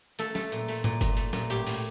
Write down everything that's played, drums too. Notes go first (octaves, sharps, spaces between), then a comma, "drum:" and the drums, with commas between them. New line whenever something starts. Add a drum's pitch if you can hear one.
A3 A4, drum: hi-hat
A3, drum: snare
A#2, drum: hi-hat
A3, drum: open hi-hat
A#2, drum: tom G#2
A#2, drum: kick F#1, hi-hat
A3, drum: hi-hat
A#2, drum: snare
A2 G4, drum: hi-hat
A2, drum: open hi-hat